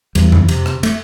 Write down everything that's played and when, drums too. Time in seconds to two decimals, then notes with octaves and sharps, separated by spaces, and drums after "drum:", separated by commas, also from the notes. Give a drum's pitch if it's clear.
0.15 E2 G3, drum: cymbal
0.32 drum: tom F2
0.48 C3, drum: cymbal
0.66 drum: rim click
0.83 A3, drum: cymbal